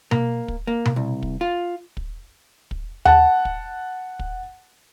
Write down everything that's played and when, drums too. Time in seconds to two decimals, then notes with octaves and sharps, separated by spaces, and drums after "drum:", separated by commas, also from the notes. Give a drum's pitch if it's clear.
0.11 A#3, drum: tom B2
0.48 drum: kick
0.67 A#3
0.85 drum: tom B2
0.96 C2
1.23 drum: kick
1.41 F4
1.97 drum: kick
2.71 drum: kick
3.05 F#5 A5, drum: tom D#2
3.45 drum: kick
4.19 drum: kick